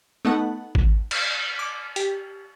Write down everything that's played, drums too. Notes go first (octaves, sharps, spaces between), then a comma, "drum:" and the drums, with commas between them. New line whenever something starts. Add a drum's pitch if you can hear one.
A3 B3 D#4 A4 F#5
drum: kick G#1
drum: cymbal
D6
G4, drum: hi-hat